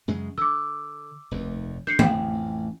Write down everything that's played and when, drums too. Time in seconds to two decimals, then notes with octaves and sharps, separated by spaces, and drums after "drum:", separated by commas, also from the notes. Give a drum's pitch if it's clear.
0.08 F#2 C#3 G#3
0.38 D3 D6 E6
1.31 F1 D#2
1.87 D3 G6 C7 C#7
1.99 A1 F2 G5, drum: tom D3